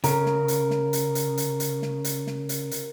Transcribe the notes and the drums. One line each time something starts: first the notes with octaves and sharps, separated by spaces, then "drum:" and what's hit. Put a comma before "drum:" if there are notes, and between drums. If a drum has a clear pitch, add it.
C#3 A#4, drum: hi-hat
drum: snare
drum: hi-hat
drum: snare
drum: hi-hat
drum: hi-hat
drum: hi-hat
drum: hi-hat
drum: snare
drum: hi-hat
drum: snare
drum: hi-hat
drum: hi-hat